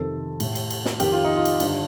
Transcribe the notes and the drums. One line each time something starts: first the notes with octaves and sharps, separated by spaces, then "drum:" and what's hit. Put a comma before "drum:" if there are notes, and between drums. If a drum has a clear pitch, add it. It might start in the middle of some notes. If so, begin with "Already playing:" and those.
Already playing: F2 C3 D#3 A4
A2, drum: cymbal
drum: cymbal
drum: cymbal
drum: snare
F2 D#3 G4, drum: cymbal
F4
D#4
F4
drum: cymbal
G2 D3 D4, drum: cymbal